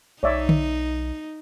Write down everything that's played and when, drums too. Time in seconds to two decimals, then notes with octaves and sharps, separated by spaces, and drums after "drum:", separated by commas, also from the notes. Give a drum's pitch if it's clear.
0.23 B1 D#4 C#5 D5 E5
0.49 drum: tom D3